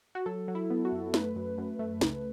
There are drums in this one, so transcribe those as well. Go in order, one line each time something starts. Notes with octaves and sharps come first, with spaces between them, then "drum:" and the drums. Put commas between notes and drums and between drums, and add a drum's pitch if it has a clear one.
F#4
F#3 A4
F#3
E4
B3
F#4
F#2
A3 B4, drum: snare
F#2
F#2
A3
C#2, drum: snare